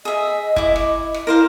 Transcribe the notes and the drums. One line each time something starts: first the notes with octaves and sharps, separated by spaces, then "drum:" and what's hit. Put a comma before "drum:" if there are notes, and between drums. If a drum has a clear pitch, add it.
G#4 D#5 E5
E4 D6, drum: kick
drum: rim click
drum: rim click
E4 A#4 C5 F5